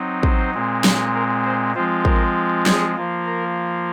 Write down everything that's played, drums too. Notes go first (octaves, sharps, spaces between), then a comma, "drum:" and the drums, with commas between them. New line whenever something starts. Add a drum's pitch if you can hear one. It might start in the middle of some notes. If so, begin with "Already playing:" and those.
Already playing: F#3 C4 D#4
C5, drum: kick
A#2 G#3 C4
drum: snare
A#4
C5
F3 G#3 C4 F4 C5
A#4, drum: kick
G#4, drum: snare
F3 A#3 F4
A#4